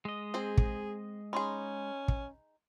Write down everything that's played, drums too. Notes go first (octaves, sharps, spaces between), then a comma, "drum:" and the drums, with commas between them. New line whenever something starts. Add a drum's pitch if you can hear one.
G#3 D#5
C4 G#4 C5
drum: kick
C#4 D#4 G#4 B5 C6
drum: kick